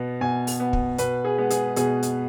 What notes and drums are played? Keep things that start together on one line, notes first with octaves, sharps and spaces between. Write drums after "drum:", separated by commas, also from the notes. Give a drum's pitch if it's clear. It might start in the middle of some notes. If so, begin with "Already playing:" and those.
Already playing: B2 B3
B2 G#5
drum: open hi-hat
B3
drum: kick
B2 B4, drum: hi-hat
G#4
G#3 B3
G#4, drum: hi-hat
B2 G#4, drum: hi-hat
drum: hi-hat